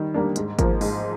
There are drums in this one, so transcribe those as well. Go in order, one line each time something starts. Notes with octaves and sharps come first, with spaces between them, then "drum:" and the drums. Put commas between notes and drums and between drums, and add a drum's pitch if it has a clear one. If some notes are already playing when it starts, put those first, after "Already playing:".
Already playing: D#3 G3
G3 A#3 D4
G#2, drum: hi-hat
F3 A#3, drum: kick G#1, hi-hat
G#2, drum: open hi-hat